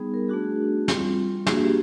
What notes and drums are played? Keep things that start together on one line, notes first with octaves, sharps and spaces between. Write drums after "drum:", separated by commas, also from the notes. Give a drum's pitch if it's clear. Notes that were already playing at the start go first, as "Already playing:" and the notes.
Already playing: G3 B3 D#4 G#4
A#4
A3 D4 F#4 G#4
G3 C4 F4, drum: snare
A#3 D4 F#4 G#4, drum: snare
G4